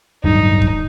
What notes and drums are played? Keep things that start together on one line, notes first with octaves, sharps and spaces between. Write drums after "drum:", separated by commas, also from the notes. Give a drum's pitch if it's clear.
D1 G2 F#3 D#4
drum: kick D1